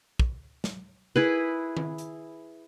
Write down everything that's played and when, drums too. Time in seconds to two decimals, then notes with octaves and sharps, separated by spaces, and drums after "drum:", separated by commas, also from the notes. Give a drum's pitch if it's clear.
0.20 drum: kick
0.64 drum: snare
1.16 E4 G#4 B4
1.77 drum: tom D#3
1.98 drum: hi-hat